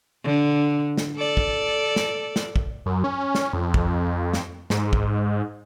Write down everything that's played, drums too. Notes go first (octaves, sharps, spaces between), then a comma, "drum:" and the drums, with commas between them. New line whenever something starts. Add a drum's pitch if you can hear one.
D3
drum: snare
A4 D5
drum: kick
drum: snare
drum: snare
drum: kick
F#2
C#4
drum: snare
F2
drum: kick
drum: snare
G#2, drum: snare
drum: kick